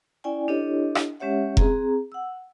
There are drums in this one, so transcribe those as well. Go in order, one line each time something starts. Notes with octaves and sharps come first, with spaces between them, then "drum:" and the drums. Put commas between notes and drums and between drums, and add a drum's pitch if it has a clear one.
C#4 E4 D5 G5 G#5
D4 E4 G4 A4 C#5 D#5
drum: rim click
G#3 C#4 G4 C#5 E5 F#5
C4 G#4 A#5, drum: kick F1
F#5 E6